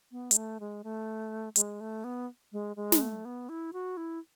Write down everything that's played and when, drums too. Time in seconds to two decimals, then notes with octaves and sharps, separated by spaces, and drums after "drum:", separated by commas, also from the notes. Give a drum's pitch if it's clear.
0.12 B3
0.31 G#3, drum: hi-hat
0.36 A3
0.60 G#3
0.84 A3
1.56 G#3, drum: hi-hat
1.80 A3
2.04 B3
2.53 G#3
2.76 G#3
2.92 drum: snare
3.01 A3
3.25 B3
3.49 E4
3.73 F#4
3.97 E4